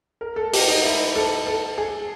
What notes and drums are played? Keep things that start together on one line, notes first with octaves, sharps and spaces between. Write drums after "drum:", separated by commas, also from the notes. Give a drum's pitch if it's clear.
A#4
A4
G4, drum: open hi-hat
D#4
E4
A4
A4
G#4